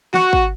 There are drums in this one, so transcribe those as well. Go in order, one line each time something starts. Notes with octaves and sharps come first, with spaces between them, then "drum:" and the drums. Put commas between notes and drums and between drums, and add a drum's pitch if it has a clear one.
F#4, drum: snare
drum: kick G#1